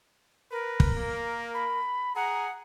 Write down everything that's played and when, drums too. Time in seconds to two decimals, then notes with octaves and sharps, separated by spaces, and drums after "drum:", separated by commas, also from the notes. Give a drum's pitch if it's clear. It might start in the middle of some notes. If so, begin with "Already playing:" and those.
0.51 A#4 B4
0.80 drum: kick
0.96 A#3
1.54 B5
2.16 G#4 F#5 A#5